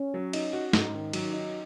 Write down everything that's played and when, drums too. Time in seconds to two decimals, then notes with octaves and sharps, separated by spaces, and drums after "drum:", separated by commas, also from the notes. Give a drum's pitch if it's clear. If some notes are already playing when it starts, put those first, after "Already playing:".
Already playing: C#4
0.14 F#3
0.33 D#4, drum: cymbal
0.53 F#4
0.73 G#2 D#4, drum: snare
0.94 D#3
1.13 F#3, drum: cymbal
1.33 D#4